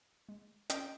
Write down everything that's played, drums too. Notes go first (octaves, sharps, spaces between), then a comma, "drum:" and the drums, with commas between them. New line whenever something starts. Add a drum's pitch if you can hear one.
G#3
C#4 D#5 G5, drum: hi-hat